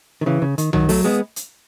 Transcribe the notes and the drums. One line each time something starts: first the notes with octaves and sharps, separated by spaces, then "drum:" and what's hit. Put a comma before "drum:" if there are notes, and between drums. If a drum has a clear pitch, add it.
D#3
C#3 E3
C#3
D#3, drum: hi-hat
D#3 F#3, drum: tom B1
F#3 A3, drum: open hi-hat
G#3 B3
drum: hi-hat